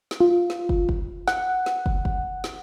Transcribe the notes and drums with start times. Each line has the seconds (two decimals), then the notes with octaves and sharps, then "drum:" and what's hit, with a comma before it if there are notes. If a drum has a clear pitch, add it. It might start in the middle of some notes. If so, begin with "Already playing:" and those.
0.11 drum: snare
0.20 F4
0.50 drum: snare
0.69 drum: kick
0.89 drum: kick
1.28 F#5, drum: snare
1.66 drum: snare
1.86 drum: kick
2.05 drum: kick
2.44 drum: snare